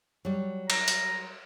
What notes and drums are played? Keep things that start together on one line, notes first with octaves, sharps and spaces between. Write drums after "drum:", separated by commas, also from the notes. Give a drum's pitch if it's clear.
F#3 G3
A#5, drum: cymbal
drum: hi-hat